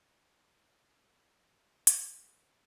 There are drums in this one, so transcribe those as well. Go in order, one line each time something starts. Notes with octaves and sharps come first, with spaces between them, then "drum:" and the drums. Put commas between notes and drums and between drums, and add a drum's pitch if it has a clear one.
E2 D#3 A3 C4 E4
C#3 G#3 C#4 G#4
E2 C3 D#3 G#3
F#2 C#3 G#3
F#2 C#3 E3 A3
F#3 C4 F#4 C5, drum: hi-hat
C3 E3 C4 D#4 G#4